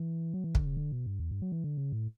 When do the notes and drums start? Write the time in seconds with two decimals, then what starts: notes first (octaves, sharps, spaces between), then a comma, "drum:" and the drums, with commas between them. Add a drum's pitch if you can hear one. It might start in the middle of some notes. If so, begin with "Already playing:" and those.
Already playing: E3
0.34 F#3
0.44 E3
0.55 D3, drum: kick
0.66 C#3
0.77 D3
0.92 B2
1.06 G2
1.20 E2
1.31 G2
1.42 F#3
1.52 E3
1.64 D3
1.78 C#3
1.92 A2